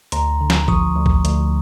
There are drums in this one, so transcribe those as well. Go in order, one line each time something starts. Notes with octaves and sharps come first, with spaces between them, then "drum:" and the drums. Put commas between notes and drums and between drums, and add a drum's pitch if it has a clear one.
D2 A#5 C6, drum: hi-hat
D3
drum: snare
F3 C#6 D#6, drum: kick
D2
drum: kick
D2, drum: hi-hat